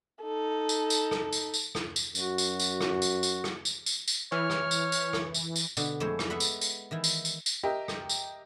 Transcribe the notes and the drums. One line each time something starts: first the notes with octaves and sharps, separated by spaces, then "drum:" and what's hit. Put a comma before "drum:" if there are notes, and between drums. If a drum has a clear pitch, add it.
D#4 A4
drum: tambourine
drum: tambourine
drum: rim click
drum: tambourine
drum: tambourine
drum: rim click
drum: tambourine
F#2 F#4, drum: tambourine
drum: tambourine
drum: tambourine
drum: rim click
drum: tambourine
drum: tambourine
drum: rim click
drum: tambourine
drum: tambourine
drum: tambourine
E3 C#5 F6
drum: rim click
drum: tambourine
drum: tambourine
drum: rim click
drum: tambourine
drum: tambourine
B2 D3, drum: tambourine
F2 G#3 A3 E4 C5 C#5
drum: rim click
B3 E5 F#5 B5
drum: tambourine
drum: tambourine
D#3 E3 E4
drum: tambourine
drum: tambourine
drum: tambourine
G4 A#4 D#5 E5
drum: rim click
drum: tambourine